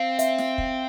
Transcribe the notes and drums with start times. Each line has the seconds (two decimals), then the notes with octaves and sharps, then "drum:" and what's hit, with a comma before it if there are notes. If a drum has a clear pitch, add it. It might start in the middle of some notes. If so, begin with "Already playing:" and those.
Already playing: C4 F5
0.19 E5, drum: hi-hat
0.38 drum: snare
0.58 drum: kick